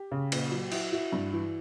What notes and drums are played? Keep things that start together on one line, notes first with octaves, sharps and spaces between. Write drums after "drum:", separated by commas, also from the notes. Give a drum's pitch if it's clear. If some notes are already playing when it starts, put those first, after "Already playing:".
Already playing: G4
C#3
A#2, drum: cymbal
F#3
E4 F#4, drum: cymbal
E4 F#4
G2
E3